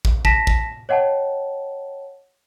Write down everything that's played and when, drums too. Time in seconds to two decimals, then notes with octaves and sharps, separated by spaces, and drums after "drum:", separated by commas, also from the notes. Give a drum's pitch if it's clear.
0.05 drum: kick
0.25 A5 A#6 B6 E7, drum: kick
0.47 drum: kick
0.89 C#5 D#5 F#5 G5 A5